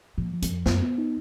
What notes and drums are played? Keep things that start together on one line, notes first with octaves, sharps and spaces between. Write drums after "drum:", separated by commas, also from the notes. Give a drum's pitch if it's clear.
A#2 F3
F3
F#2, drum: hi-hat
F2
F#2 B3, drum: snare
B3
D#4